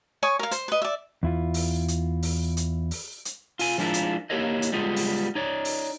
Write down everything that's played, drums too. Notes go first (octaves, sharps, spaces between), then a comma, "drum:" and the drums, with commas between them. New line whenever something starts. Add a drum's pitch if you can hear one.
C#5 G#5 C#6 D#6
A#4 F5
C5, drum: hi-hat
B4 D#5
D5 E5
E2 E4 F4
drum: open hi-hat
drum: hi-hat
drum: open hi-hat
drum: hi-hat
drum: open hi-hat
drum: hi-hat
F4 G#5, drum: open hi-hat
F3 G#3 D4 E4 F4 A#4
drum: hi-hat
A#3 E4 G4 A#4 C#5 D#5
drum: hi-hat
G3 G#3 B3 F4 G#4
drum: open hi-hat
D#4 C#5 D5
drum: open hi-hat